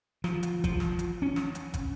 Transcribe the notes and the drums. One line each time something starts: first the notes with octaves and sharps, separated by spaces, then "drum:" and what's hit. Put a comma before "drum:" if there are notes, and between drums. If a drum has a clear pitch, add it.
F3, drum: snare
drum: hi-hat
F3, drum: kick, hi-hat
drum: snare
drum: hi-hat
C#4
drum: snare
drum: hi-hat
drum: kick, hi-hat